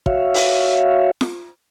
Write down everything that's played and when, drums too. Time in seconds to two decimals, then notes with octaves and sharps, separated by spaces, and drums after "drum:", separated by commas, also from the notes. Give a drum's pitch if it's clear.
0.06 F#4 C#5 E5 F5, drum: kick
0.34 drum: open hi-hat
1.21 drum: snare